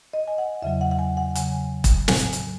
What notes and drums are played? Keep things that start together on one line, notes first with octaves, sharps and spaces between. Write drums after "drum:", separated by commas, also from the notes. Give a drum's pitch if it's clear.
D#5
G#5
F#5
E2 C#3 F#3 E5
F#5
F#5
G#5
F#5
E2 C#3 F#3 G#5, drum: hi-hat
drum: kick E1, hi-hat
A2 F#3 G#5, drum: snare
drum: hi-hat